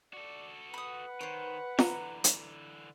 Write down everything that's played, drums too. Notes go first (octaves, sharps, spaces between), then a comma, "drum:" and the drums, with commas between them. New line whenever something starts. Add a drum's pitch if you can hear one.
F#4 A4 D5
B4 F#5 B5 D#6
D#3 C5 C#5
D3 E3 A#5, drum: snare
drum: hi-hat